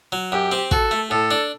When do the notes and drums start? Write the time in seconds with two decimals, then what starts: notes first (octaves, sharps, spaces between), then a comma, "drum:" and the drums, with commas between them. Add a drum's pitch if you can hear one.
0.12 F#3
0.32 F#2 G4
0.52 C4
0.71 F#4 A4, drum: kick
0.91 A3
1.10 A2 A4
1.31 D4